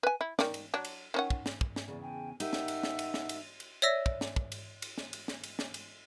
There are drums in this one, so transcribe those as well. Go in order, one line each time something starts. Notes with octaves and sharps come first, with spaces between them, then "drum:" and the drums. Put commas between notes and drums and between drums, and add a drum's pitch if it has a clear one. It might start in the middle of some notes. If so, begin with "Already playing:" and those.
B4 G#5
E4
D#3 D5, drum: snare
drum: cymbal
F#3 D4
drum: cymbal
D#3 C#4 F#5
drum: kick
drum: snare
drum: kick
drum: snare
E2 C#3 D5
G5 G#5
D#4 G4 A#4 E5 F#5, drum: cymbal
drum: snare
drum: cymbal
drum: snare
drum: cymbal
drum: snare
drum: cymbal
drum: cymbal
C#5 D5 E5 E6 A#6
drum: kick
drum: snare
drum: kick
drum: cymbal
drum: cymbal
drum: snare
drum: cymbal
drum: snare
drum: cymbal
drum: snare
drum: cymbal